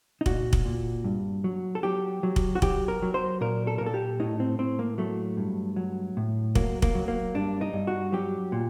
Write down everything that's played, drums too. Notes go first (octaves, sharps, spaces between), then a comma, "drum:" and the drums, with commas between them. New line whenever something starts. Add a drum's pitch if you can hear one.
D#4
A#2 F#4, drum: kick
drum: kick
A#2
G2
F#3
A4
F#3 G4
F#3
drum: kick
F#4
F#3 G4, drum: kick
A#4
F#3
C5
A#2 A#4
A4
A#2 A#4
A4
G4
A2 D#4
C4
A2 C4
A#3
F#3 A3
G2
F#3
A2
F#3 A#3, drum: kick
A#3, drum: kick
F#3
A#3
G2 D4
D#4
G2
F#4
F#3 G4
A#2